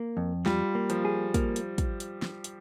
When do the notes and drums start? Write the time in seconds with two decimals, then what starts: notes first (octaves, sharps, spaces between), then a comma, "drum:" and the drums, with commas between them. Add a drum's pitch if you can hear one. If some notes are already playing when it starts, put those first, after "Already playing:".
Already playing: A#3
0.17 F2
0.46 G3 F4, drum: snare
0.75 A#3
0.90 F3, drum: hi-hat
1.05 G#4
1.34 A#3, drum: kick, hi-hat
1.56 drum: hi-hat
1.78 drum: kick, hi-hat
2.00 drum: hi-hat
2.22 drum: snare
2.44 drum: hi-hat